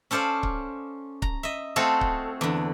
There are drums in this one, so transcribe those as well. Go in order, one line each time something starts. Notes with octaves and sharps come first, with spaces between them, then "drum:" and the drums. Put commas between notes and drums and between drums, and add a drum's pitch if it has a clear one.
C#4 A4 C5 D5 F5
drum: kick C#1
A#5, drum: kick C#1
D#5 E5
A3 C4 F4 F#4 G#4 A4
drum: kick C#1
E2 D3